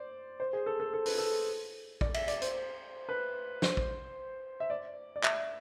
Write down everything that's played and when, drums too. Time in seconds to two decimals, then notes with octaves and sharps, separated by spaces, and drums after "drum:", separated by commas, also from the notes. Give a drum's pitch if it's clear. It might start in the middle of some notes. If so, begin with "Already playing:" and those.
Already playing: C5 D5
0.40 C5
0.53 G#4
0.66 A4
0.80 A4
0.94 A4
1.06 B4, drum: open hi-hat
1.18 A4
2.01 D5, drum: kick
2.14 E5, drum: cymbal
2.28 D5, drum: hi-hat
2.42 C5, drum: hi-hat
3.09 B4
3.62 C5, drum: snare
3.77 drum: kick
4.60 E5
4.70 D5
5.16 D5
5.24 E5, drum: clap